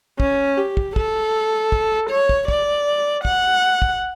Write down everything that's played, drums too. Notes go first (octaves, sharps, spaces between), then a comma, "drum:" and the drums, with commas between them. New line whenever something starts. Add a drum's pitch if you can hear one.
C#4, drum: kick
G4
drum: kick
A4, drum: kick
drum: kick
C#5
drum: kick
D5, drum: kick
F#5, drum: kick
drum: kick